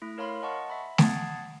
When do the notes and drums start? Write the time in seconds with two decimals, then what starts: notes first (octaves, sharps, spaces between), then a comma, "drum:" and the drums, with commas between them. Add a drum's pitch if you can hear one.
0.02 A3 E4
0.18 A#4 C#5 F5 B5 C6
0.42 D#5 F#5 A5 C#6
0.70 E5 B5
0.98 F#5 A5 D#6 G#6 A6 C7, drum: snare A3